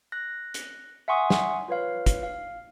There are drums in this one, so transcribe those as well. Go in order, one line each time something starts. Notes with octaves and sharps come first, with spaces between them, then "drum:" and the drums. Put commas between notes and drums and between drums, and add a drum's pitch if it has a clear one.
F#6 A#6
drum: hi-hat
E5 F#5 G#5 C6 C#6 D#6
drum: snare
F4 B4 C#5 F5
drum: kick, hi-hat
F5